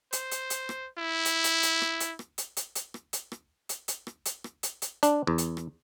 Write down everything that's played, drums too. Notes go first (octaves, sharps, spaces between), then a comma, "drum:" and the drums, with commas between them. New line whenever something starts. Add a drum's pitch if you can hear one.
C5, drum: hi-hat
drum: hi-hat
drum: hi-hat
drum: rim click
E4
drum: hi-hat
drum: hi-hat
drum: hi-hat
drum: rim click
drum: hi-hat
drum: rim click
drum: hi-hat
drum: hi-hat
drum: hi-hat
drum: rim click
drum: hi-hat
drum: rim click
drum: hi-hat
drum: hi-hat
drum: rim click
drum: hi-hat
drum: rim click
drum: hi-hat
drum: hi-hat
D4, drum: hi-hat
E2
drum: hi-hat
drum: rim click